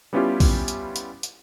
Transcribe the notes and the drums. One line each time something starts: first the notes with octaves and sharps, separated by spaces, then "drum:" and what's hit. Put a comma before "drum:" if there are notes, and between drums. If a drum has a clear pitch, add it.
G3 B3 C#4 E4 F4 G4
drum: kick A#1, open hi-hat
drum: hi-hat
drum: hi-hat
drum: hi-hat